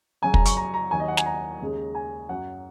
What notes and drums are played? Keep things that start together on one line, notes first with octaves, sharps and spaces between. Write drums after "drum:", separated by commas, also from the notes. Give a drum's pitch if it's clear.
F#2 C#3 F#3 G#5
A#5, drum: kick
C#6, drum: hi-hat
A#5
A#5
D#2 D#3 F#3 G#5
D#5
F#5
G#5, drum: snare
A#5
D#2 C#3 G#3
G#5
F#2 F#3 F#5